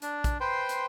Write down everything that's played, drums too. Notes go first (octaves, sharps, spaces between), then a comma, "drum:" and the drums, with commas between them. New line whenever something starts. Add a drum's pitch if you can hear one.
D4, drum: hi-hat
drum: kick A#1, hi-hat
B4 C5 G5 C6
drum: hi-hat